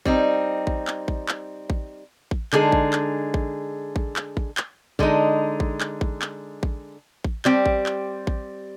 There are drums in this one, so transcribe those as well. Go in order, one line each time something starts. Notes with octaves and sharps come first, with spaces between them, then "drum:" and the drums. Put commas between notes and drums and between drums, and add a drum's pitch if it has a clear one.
G3 C4 D#4, drum: kick A1
drum: kick A1
drum: clap
drum: kick A1
drum: clap
drum: kick A1
drum: kick A1
D3 G#3 D#4 G#4, drum: clap
drum: kick A1
drum: clap
drum: kick A1
drum: kick A1
drum: clap
drum: kick A1
drum: clap
D3 G#3 D#4, drum: kick A1
drum: kick A1
drum: clap
drum: kick A1
drum: clap
drum: kick A1
drum: kick A1
G3 C4 G4, drum: clap
drum: kick A1
drum: clap
drum: kick A1